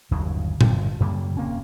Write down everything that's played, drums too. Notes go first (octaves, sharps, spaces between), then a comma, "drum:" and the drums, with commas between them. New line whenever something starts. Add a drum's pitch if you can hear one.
G1 D#2 C#3 F#3
G1 G2 C3, drum: tom A#2
F#2 C#3 G3 A#3
D#1 A#3 C4 C#4